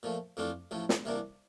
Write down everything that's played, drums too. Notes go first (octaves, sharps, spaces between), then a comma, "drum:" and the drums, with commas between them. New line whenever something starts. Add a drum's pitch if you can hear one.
A#2 F3 A3
F2 E3 A3 D4 F4
A1 A2 F3 A3
drum: snare
C2 C3 E3 A#3 D4